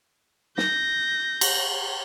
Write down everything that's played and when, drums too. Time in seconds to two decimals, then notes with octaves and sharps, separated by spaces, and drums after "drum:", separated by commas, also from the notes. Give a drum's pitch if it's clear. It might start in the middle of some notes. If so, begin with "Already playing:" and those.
0.58 G6 A#6, drum: snare
1.41 drum: cymbal